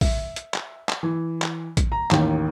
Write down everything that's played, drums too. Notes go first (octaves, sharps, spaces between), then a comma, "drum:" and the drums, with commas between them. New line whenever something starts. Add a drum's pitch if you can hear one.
E5, drum: kick A#1, open hi-hat
drum: hi-hat
drum: clap
drum: clap
E3
drum: clap
drum: kick A#1, hi-hat
A#5
A1 D#2 D#3, drum: clap